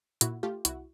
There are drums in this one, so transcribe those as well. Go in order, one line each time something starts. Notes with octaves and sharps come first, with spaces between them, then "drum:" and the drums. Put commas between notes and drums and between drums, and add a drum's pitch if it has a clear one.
A#2 E4 F#4, drum: hi-hat
A3 F4 G4
C2 E4 F#4, drum: hi-hat